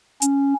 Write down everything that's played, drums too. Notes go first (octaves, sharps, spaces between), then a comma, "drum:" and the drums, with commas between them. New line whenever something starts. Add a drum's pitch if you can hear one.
C#4, drum: hi-hat